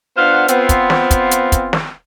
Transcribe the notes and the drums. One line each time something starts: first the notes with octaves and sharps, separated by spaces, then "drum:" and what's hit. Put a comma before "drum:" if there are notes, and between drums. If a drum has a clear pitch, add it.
B3 D4 F4 C5 F5 F#5
B3 C4 F4, drum: hi-hat
drum: kick, hi-hat
drum: snare
drum: kick, hi-hat
drum: hi-hat
drum: kick, hi-hat
drum: snare